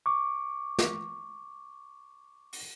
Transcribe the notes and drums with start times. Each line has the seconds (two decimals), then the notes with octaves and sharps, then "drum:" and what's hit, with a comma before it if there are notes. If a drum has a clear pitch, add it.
0.06 C#6 D6
0.79 drum: snare
2.53 drum: open hi-hat